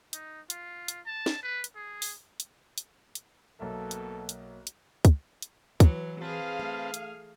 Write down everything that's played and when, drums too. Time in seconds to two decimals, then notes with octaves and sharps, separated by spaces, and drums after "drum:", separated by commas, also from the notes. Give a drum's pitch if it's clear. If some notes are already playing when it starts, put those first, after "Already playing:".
0.13 D#4, drum: hi-hat
0.50 F4, drum: hi-hat
0.88 drum: hi-hat
1.06 A5
1.26 drum: snare
1.42 B4
1.64 drum: hi-hat
1.76 G#4
2.02 drum: open hi-hat
2.40 drum: hi-hat
2.78 drum: hi-hat
3.15 drum: hi-hat
3.60 B1 B2 A#3 A4 E5
3.91 drum: hi-hat
4.29 drum: hi-hat
4.67 drum: hi-hat
5.05 drum: kick, hi-hat
5.42 drum: hi-hat
5.80 E3 F#3, drum: kick, hi-hat
6.21 C4 G#4 B4 F5 A5
6.59 A3
6.94 drum: hi-hat